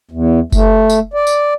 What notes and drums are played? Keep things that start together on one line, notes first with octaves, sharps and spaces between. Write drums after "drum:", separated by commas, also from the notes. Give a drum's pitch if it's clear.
E2
A3, drum: kick F#1, tambourine
drum: tambourine
D5
drum: tambourine